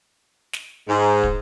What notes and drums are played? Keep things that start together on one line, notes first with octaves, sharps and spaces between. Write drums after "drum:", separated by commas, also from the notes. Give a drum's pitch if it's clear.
drum: snare
G#2
drum: kick